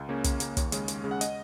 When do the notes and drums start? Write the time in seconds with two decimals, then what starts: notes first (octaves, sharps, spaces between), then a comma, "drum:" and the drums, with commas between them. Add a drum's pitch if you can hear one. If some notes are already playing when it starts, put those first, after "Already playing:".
Already playing: C#2
0.09 C#3 A#3 C#4
0.24 C#2, drum: kick, hi-hat
0.40 C#3 A#3 C#4, drum: hi-hat
0.57 D#2 C#5, drum: kick, hi-hat
0.72 C#3 G#3 C#4, drum: hi-hat
0.88 D#2, drum: hi-hat
1.04 C#3 G#3 C#4
1.11 F#5
1.21 D#5, drum: hi-hat